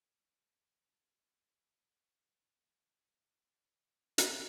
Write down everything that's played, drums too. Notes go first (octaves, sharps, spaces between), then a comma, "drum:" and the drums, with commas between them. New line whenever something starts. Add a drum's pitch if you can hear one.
D#4
E4
A3 C4
drum: hi-hat